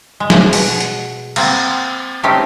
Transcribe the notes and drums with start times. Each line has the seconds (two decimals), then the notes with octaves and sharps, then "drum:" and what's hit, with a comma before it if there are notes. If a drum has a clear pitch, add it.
0.20 G#3
0.30 drum: snare
0.53 B2 F#5, drum: open hi-hat
0.81 drum: hi-hat
1.36 A#3 C4 F#5, drum: cymbal
2.23 A3 C4 C#4 D#4 G4